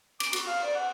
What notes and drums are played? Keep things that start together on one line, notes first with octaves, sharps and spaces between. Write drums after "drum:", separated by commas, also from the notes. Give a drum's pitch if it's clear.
D6, drum: cymbal
F#4, drum: cymbal
F5
D5
F#5